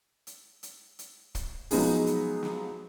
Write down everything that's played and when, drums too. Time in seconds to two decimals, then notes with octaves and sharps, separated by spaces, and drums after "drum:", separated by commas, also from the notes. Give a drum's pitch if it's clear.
0.27 drum: hi-hat
0.63 drum: hi-hat
0.99 drum: hi-hat
1.35 drum: kick, hi-hat
1.71 F3 F#3 G#3 B3 D#4 G#4, drum: open hi-hat
2.07 drum: hi-hat
2.43 drum: snare